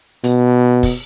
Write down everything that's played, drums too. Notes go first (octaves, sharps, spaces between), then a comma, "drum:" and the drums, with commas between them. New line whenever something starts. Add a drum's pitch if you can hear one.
B2, drum: hi-hat
drum: kick, open hi-hat